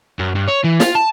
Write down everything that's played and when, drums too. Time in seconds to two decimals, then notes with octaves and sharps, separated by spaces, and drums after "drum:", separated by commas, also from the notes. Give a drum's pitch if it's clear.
0.19 F#2
0.35 G2
0.48 C#5
0.65 E3
0.80 F4, drum: snare
0.95 A5